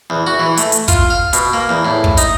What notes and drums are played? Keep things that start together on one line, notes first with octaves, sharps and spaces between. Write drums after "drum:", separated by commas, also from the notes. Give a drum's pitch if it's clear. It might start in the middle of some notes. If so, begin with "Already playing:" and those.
E2
F#4
E3
A3, drum: hi-hat
drum: hi-hat
F4, drum: kick, hi-hat
F5
B2, drum: hi-hat
A#3
E2
A2
drum: kick
D#4, drum: hi-hat